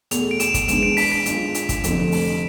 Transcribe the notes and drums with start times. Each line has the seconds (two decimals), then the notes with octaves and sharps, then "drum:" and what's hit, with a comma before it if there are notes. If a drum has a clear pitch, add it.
0.11 E2 B2 A3 F7, drum: hi-hat
0.31 D7
0.40 E7, drum: hi-hat
0.54 drum: kick, hi-hat
0.68 G#2 E3 G#3 D4 E7, drum: hi-hat
0.83 D7
0.97 B6, drum: open hi-hat
1.12 B6
1.26 G#2 G#3 D4 F4, drum: hi-hat
1.54 drum: hi-hat
1.69 drum: kick, hi-hat
1.84 F1 F2 D3 A3 C4, drum: hi-hat
2.12 drum: open hi-hat